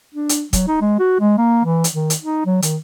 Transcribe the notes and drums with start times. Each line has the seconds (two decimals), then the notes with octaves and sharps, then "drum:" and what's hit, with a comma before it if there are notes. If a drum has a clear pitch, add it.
0.14 D4
0.29 drum: hi-hat
0.53 F#3, drum: kick, hi-hat
0.67 D#4
0.81 G#3
0.99 F#4
1.20 G#3
1.38 A#3
1.65 E3
1.84 drum: hi-hat
1.93 D#3
2.10 drum: hi-hat
2.22 D#4
2.45 F#3
2.62 D#3, drum: hi-hat